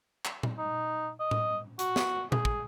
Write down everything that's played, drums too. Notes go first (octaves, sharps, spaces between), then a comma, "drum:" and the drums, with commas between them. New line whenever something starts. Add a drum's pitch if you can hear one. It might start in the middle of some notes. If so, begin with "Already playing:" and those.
drum: clap
drum: tom A#2
D#4
D#5
drum: tom A2
F#4, drum: hi-hat
drum: snare
G#4, drum: tom A#2
drum: kick